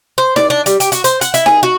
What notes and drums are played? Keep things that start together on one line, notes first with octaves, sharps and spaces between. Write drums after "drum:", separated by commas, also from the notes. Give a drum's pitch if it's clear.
C5
D5, drum: snare D#4
D4
G3, drum: hi-hat
G4, drum: hi-hat
F#4, drum: hi-hat
C5, drum: hi-hat
F#5, drum: hi-hat
E4, drum: hi-hat
G#4, drum: snare D#4
F#4